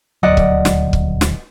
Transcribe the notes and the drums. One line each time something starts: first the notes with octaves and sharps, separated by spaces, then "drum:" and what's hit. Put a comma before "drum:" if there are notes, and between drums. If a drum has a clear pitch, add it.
D#1 D2 F#3 D5 D#5 F#5
drum: kick
drum: snare
drum: kick
drum: snare